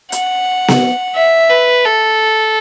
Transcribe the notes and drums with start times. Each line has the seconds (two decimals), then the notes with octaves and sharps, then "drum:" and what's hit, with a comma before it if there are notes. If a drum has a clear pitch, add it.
0.12 F#5, drum: hi-hat
0.68 drum: snare B3
1.16 E5
1.50 B4
1.85 A4